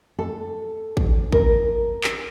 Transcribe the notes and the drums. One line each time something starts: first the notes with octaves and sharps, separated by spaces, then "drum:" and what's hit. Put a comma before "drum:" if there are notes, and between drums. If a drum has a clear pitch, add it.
A4
drum: kick
A#4, drum: kick
drum: clap